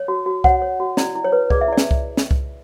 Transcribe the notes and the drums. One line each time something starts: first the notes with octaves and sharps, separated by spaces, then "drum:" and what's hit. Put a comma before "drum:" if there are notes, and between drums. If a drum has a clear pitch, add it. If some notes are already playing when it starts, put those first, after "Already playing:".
Already playing: C#5
F#4
F#4
C#5 F#5, drum: kick C2
C#5
F#4
E4 D5, drum: snare
E4
C#5
B4
G#4 D5, drum: kick C2
E5
E4 D5
drum: snare
drum: kick C2
drum: snare
drum: kick C2